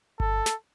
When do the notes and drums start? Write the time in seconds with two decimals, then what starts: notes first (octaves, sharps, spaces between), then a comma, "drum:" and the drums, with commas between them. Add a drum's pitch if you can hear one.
0.20 A4, drum: kick G1
0.46 drum: snare